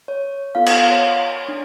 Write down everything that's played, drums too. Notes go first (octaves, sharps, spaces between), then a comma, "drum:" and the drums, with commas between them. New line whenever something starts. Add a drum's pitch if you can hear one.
C#5
B3 F4 A4 F5
F#5, drum: cymbal
F5
C#5
D4